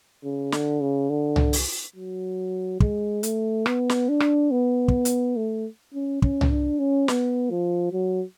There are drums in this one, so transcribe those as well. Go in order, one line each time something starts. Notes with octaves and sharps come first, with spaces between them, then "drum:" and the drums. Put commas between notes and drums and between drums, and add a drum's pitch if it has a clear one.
C#3
D3, drum: snare
C#3
D3
drum: tom C2
drum: open hi-hat
F#3
G#3, drum: kick
A3, drum: hi-hat
B3, drum: rim click
drum: snare
D4
drum: rim click
B3
drum: kick
drum: hi-hat
A3
C#4
C#4, drum: kick
drum: tom C2
D4
C#4
B3, drum: snare
F3
F#3